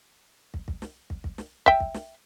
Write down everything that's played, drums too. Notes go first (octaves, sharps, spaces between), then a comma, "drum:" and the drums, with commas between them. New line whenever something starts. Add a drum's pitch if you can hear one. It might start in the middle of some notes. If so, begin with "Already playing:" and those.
drum: kick
drum: kick
drum: snare
drum: kick
drum: kick
drum: snare
E5 G5, drum: kick
drum: kick
drum: snare